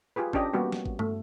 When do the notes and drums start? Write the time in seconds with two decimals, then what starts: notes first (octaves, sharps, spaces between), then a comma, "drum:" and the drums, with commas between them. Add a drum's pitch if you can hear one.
0.16 F4 G4 G#4 B4
0.33 C#4 D4 G4 D#5 G5, drum: kick G#1
0.53 G3 A#3 B3 F#4 G4
0.72 drum: snare
0.85 drum: kick G#1
0.99 A3, drum: tom G2